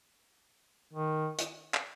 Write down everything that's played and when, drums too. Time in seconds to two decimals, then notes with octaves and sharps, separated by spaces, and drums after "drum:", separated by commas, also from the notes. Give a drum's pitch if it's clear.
0.93 D#3
1.38 drum: hi-hat
1.74 drum: clap